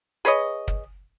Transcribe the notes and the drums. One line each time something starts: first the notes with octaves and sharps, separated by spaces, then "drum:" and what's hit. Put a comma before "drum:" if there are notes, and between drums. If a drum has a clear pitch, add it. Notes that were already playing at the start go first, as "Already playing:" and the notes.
G#4 B4 C#5 D#5
drum: kick